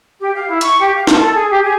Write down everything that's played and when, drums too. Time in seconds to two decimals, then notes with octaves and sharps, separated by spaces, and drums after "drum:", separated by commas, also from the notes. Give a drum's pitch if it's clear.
0.20 G4
0.34 F5
0.49 E4
0.61 C#6, drum: hi-hat
0.80 G4
0.94 F5
1.07 A5, drum: snare
1.21 A4
1.34 G#4
1.50 G4
1.62 G#4